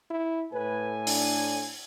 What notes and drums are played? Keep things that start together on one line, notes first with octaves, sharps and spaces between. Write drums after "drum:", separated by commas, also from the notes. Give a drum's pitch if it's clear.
E4
A2 B4 G#5
D4, drum: open hi-hat